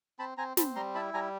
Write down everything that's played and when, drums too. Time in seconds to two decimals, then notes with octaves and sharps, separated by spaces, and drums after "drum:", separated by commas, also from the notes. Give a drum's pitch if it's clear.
0.19 C4 A5 B5
0.38 C4 G#5 A#5
0.57 C4 A5 B5, drum: snare
0.76 G3 A#5 C6
0.95 E4 A5 B5
1.14 G3 G#5 A#5